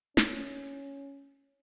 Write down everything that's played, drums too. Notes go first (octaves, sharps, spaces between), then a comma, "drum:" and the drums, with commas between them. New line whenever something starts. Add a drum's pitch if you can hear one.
C#4, drum: snare